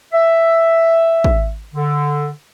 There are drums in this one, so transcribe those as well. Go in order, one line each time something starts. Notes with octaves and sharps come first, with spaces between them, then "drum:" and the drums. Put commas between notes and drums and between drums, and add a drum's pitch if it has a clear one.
E5
drum: kick
D3